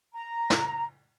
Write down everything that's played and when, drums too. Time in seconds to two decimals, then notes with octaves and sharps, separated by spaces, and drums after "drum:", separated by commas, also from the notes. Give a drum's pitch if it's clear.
0.12 A#5
0.50 drum: snare